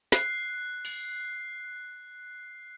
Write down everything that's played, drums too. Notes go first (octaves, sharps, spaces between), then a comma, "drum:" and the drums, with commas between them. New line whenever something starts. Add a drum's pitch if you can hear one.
F#6 C7, drum: snare
drum: open hi-hat